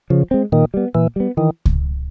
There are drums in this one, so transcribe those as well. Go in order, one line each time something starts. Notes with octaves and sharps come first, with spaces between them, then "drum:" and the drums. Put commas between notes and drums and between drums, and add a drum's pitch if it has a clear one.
C#3 F3
G#3 C4
A#2 D#3
G3 B3
A#2 E3
G3 B3
D#3 E3
drum: kick C#2